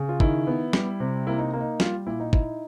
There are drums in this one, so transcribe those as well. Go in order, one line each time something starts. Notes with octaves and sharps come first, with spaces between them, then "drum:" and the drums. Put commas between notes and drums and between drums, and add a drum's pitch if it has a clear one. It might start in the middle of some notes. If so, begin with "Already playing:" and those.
Already playing: C#3
F4
D#3 E4, drum: kick
B3
G3, drum: snare
C3
A#3 E4
D#4
A#3
D#4
G3 F4, drum: snare
A#2 E4
D#4
D#4 E4, drum: kick